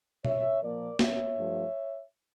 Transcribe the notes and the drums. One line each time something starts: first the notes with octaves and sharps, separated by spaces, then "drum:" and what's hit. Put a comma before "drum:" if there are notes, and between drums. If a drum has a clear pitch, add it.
C#5 E5, drum: tom B2
A#2 F3 A#3 A#4 D5
C#5 E5, drum: snare
G2 F3 A3